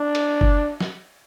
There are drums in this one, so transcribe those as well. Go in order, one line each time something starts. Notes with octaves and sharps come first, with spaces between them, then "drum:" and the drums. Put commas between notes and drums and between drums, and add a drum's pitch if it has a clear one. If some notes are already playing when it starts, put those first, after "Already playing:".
Already playing: D4
drum: cymbal
drum: kick F#1
drum: snare